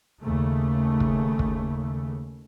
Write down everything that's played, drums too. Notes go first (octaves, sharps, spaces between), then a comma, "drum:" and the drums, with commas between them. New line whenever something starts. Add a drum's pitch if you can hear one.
D#2 C#3 A3
drum: kick
drum: kick